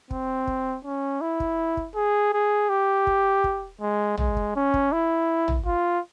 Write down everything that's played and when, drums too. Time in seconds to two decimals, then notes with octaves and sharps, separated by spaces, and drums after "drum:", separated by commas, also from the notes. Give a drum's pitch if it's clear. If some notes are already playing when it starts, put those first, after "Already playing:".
0.11 C4, drum: kick
0.47 drum: kick
0.85 C#4
1.21 E4
1.40 drum: kick
1.77 drum: kick
1.95 G#4
2.33 G#4
2.69 G4
3.07 drum: kick
3.44 drum: kick
3.81 G#3
4.17 G#3, drum: tom
4.37 drum: kick
4.56 C#4
4.74 drum: kick
4.92 E4
5.48 drum: tom
5.66 F4